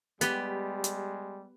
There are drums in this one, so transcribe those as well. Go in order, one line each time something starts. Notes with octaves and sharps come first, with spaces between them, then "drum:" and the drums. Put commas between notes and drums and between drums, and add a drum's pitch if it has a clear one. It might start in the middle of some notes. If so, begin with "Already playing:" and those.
G3 G#3 B3 G4, drum: hi-hat
drum: hi-hat